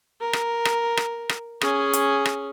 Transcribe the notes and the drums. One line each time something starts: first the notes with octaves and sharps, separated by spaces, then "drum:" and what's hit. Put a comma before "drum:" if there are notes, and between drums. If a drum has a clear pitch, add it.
A#4
drum: rim click
drum: rim click
drum: rim click
drum: rim click
C#4 G#4, drum: rim click
drum: hi-hat
drum: rim click